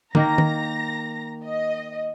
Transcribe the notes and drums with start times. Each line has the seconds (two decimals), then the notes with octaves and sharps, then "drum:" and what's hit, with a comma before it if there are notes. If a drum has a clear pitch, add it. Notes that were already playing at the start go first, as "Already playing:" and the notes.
0.15 D#3 A#3 A#5 A#6, drum: tom D3
0.38 drum: tom
1.46 D#5